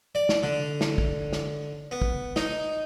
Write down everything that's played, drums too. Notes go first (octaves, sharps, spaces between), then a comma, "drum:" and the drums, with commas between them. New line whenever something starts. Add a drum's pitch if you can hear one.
D5
drum: snare
D3
drum: snare
drum: kick
drum: snare
B3
drum: kick
D#4, drum: snare